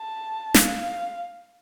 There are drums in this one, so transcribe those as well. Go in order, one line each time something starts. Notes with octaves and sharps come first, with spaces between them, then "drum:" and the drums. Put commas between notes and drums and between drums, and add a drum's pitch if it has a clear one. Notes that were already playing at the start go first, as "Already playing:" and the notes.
Already playing: A5
F5, drum: snare